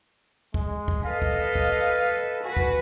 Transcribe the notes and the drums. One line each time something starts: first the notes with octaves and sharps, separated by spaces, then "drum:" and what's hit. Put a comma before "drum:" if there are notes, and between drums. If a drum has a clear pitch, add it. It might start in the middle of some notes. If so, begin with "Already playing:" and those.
G#3, drum: kick
drum: kick
A4 B4 D#5 F5
drum: kick
drum: kick
F#4 B4 G#5
drum: kick